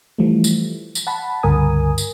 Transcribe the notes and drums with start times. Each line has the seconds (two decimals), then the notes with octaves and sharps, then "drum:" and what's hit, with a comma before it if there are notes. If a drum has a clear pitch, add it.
0.18 E3 F3 G3 A3
0.44 drum: tambourine
0.95 drum: tambourine
1.07 F#5 A5 B5
1.43 C#2 G2 D3 A#4 G#5 D#6
1.98 drum: tambourine